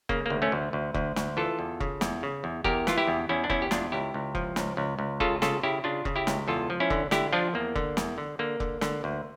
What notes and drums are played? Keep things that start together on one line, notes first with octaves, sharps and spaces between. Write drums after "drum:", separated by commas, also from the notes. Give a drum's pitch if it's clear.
C#3 A#3, drum: kick F1
D2 A#3
A3 C#4
D2
D2
D2, drum: kick F1
D2, drum: snare
E3 F4 A4
E2
C#3, drum: kick F1
E2, drum: snare
C#3
E2
E2 G4 A#4, drum: kick F1
E3 F4, drum: snare
E4 G4
E2
E2 C#4 E4
D4
E2 C#4 E4, drum: kick F1
G4
E2 D4 F4, drum: snare
C#2 E4 G4
C#2
F3, drum: kick F1
C#2, drum: snare
C#2
C#2
C#3 F4 A4, drum: kick F1
C#3 F4 A4, drum: snare
C#3 E4 G4
C#3 D4 F4
C#3, drum: kick F1
E4 G4
C#2, drum: snare
E2 F4 A4
F3
C#4 E4
D3, drum: kick F1
D3 E4 G4, drum: snare
F3 D4 F4
E2 A#3
D3, drum: kick F1
E2, drum: snare
D3
D3 A#3
D3, drum: kick F1
D3, drum: snare
D2